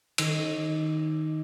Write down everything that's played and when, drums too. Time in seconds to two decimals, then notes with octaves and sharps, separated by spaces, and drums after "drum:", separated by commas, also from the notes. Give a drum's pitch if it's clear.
0.18 D#3, drum: cymbal